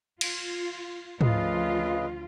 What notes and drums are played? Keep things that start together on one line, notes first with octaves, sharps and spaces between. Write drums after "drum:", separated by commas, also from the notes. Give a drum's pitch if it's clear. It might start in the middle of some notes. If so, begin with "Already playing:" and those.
F4, drum: cymbal
D2 C#3 F3 F4 B4 D#5, drum: tom